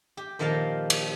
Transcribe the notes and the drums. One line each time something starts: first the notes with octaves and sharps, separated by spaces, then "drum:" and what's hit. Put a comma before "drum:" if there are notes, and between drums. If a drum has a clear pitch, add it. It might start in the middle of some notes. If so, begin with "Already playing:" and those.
G4
A#2 D#3 F3 A#4 F5 A5
drum: cymbal